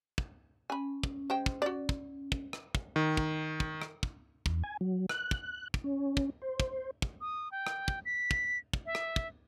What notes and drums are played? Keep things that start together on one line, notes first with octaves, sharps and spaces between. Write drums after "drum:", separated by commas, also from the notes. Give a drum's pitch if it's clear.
drum: kick
C#4 G#5 B5
drum: kick
G#3 C5 G5
drum: kick
F#4 D5
drum: kick
drum: kick
drum: rim click
drum: kick
D#3
drum: kick
drum: kick
drum: rim click
drum: kick
E2, drum: kick
G#5
F#3
F#6, drum: rim click
drum: kick
drum: kick
C#4
drum: kick
C5
drum: kick
drum: kick
D#6
G5
drum: rim click
drum: kick
B6
drum: kick
drum: kick
E5
drum: rim click
drum: kick